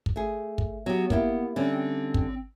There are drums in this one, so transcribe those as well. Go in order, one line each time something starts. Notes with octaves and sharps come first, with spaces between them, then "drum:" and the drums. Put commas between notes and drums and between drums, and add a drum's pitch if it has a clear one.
drum: kick
A3 G#4
drum: kick
F#3 B3 G4
A#3 E4 G4, drum: kick
D3 G3 C4 C#4
drum: kick